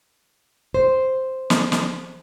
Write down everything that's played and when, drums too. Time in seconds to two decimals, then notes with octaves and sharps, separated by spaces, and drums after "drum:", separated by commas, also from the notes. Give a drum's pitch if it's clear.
0.74 C5
1.50 drum: snare
1.72 drum: snare